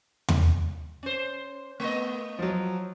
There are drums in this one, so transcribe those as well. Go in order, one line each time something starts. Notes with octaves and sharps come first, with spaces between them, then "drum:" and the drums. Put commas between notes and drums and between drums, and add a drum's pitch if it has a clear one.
drum: tom E2
C#4 C5
A3 B3 D#5
F3 F#3